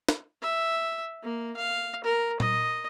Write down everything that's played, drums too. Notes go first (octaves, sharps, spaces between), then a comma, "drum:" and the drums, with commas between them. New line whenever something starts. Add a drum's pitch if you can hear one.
drum: snare
E5
A#3
F5
A#4
D#5, drum: tom A#2